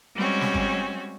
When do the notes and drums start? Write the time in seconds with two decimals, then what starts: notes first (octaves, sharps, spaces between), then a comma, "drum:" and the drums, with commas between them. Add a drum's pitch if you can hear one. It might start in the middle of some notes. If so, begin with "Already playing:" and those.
0.15 G3 G#3 C4 C#4 F#4
0.41 drum: snare
0.54 drum: kick